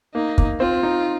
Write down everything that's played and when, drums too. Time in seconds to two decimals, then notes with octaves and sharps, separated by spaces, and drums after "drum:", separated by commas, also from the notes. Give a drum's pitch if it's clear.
0.15 A#3 D#4
0.38 A#3, drum: kick
0.60 C4 F4
0.83 D#4